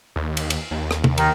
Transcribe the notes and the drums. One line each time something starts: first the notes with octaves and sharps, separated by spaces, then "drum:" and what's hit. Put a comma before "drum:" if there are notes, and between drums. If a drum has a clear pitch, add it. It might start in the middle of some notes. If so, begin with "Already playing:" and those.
D#2
drum: cymbal
drum: cymbal
D#2
drum: rim click
drum: tom C3
D#3, drum: cymbal